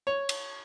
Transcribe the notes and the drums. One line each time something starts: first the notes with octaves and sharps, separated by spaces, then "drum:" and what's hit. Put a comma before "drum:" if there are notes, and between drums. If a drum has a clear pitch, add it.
C#5
drum: cymbal